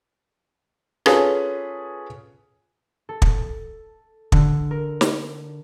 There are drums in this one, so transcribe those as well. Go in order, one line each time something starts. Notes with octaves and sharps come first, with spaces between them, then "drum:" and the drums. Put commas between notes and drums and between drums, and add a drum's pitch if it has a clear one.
C#4 F4 G#4 A4 B4, drum: rim click
A4
drum: kick
D3, drum: kick
A#4
drum: snare